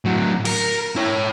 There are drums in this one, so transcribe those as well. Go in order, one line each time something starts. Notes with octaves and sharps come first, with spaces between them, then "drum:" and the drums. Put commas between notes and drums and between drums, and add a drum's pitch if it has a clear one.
A2 F#3
A#4, drum: cymbal
E4 C#5